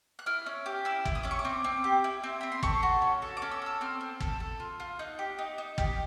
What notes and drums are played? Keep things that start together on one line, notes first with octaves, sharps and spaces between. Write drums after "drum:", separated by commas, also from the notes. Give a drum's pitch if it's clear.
F#6
E4 F6
C#4
G4
E4 E6
E4, drum: kick
D#6
C#4 D6
C#6
D6
C4
C4
G4
E4
C4
C4 B5
C6
A4 C#6, drum: kick
F#4
C#4
A4 C#6
D6
C#4
E6
A4 E6
C4 F6
C4
A4, drum: kick
A4
F4
F4
D#4 F#6
G4
D#4
D#4
G4, drum: kick